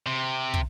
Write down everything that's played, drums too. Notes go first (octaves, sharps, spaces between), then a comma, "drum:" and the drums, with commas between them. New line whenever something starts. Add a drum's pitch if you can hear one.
C3
drum: kick